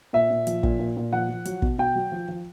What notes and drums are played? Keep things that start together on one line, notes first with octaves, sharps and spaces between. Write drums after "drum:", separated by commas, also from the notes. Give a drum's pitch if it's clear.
A#2 E5
A#2
F3, drum: hi-hat
A#2, drum: kick
A#2
A#2
F3 F#5
F3
F#3, drum: hi-hat
B2, drum: kick
B2 G5
F#3
F3
F3